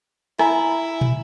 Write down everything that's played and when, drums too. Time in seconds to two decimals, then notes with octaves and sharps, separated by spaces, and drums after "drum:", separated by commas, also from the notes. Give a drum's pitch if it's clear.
0.39 E4 G#5 A#5 B5, drum: rim click
1.01 drum: tom